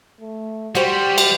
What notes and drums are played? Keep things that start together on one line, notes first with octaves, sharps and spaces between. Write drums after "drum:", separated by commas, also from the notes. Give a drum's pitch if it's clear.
A3
G3 F#4 G4 C5
drum: cymbal